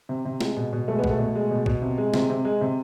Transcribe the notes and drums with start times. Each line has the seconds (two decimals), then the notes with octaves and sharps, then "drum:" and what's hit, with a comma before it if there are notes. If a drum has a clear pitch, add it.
0.09 C3
0.25 C3
0.41 G#3, drum: snare
0.57 B2
0.73 B2
0.88 G#3 A3
0.98 B3
1.04 B2, drum: kick
1.10 A3
1.19 B2
1.35 G#3
1.51 B2
1.66 B2, drum: kick
1.82 C3
1.98 G#3
2.14 C3, drum: snare
2.30 C3
2.45 G#3
2.61 C3